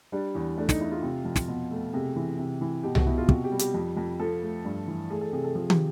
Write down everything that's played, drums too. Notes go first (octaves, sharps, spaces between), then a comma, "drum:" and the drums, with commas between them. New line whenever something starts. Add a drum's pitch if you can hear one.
G3 D4
E2
A3 D4
D#4, drum: snare
A3 E4
F4
C3
F2
drum: snare
B2
A3
C3 G#4
E3
C3
E3
B2 G4
F#4, drum: tom C2
B2 E4
F4
C3 F#4, drum: kick
G4
G3
G4, drum: hi-hat
F2
F2
F3 A4
A3
G2
E3
A3 G#4
A4
C3 G#4
A4
F3 G#4
G4, drum: tom